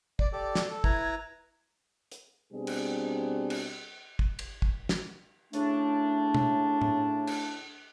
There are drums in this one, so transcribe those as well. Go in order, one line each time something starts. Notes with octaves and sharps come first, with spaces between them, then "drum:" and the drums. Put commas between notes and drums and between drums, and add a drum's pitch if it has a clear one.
D5, drum: kick
G4 A4 D5 D6
drum: snare
A4
E4 B4 A#5 G#6, drum: kick
drum: hi-hat
B2 G3 C4 D4 G#4
drum: cymbal
drum: cymbal
drum: kick
drum: cymbal
drum: kick
drum: snare
A2 C#3 A3 D4, drum: hi-hat
drum: tom B2
drum: tom A2
drum: cymbal